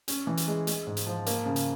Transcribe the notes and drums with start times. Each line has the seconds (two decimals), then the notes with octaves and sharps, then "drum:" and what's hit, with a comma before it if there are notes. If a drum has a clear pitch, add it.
0.08 C#4, drum: hi-hat
0.27 E3
0.37 drum: hi-hat
0.48 G#3
0.67 G#3, drum: hi-hat
0.87 G#2
0.97 drum: hi-hat
1.06 F3
1.26 A#3, drum: hi-hat
1.46 C#3
1.56 drum: hi-hat